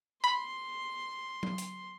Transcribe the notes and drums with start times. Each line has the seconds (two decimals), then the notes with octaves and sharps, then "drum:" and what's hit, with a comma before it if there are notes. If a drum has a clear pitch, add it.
0.24 B5 C6
1.43 drum: tom F#3
1.58 drum: hi-hat